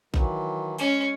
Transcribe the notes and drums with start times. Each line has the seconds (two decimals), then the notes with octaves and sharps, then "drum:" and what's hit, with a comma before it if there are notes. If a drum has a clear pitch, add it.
0.14 D#3 E3 F#3, drum: kick G#1
0.79 G#3 C#4 C#6, drum: hi-hat